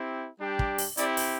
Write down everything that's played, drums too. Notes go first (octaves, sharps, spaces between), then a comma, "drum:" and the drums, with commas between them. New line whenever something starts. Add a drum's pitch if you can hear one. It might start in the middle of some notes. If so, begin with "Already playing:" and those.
Already playing: C4 E4 G4
G3 D4 G4
drum: kick
drum: open hi-hat
C4 E4 G4 D5, drum: hi-hat
drum: open hi-hat